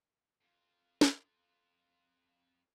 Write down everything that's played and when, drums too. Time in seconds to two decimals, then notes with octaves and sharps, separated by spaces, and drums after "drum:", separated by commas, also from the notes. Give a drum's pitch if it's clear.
0.41 F2 F4
1.01 drum: snare